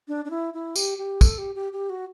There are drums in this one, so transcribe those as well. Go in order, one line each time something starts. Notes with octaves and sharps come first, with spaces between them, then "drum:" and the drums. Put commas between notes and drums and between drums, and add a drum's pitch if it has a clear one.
D4
D4
E4
E4
G4, drum: tambourine
G4
A4, drum: kick, tambourine
G4
G4
G4
F#4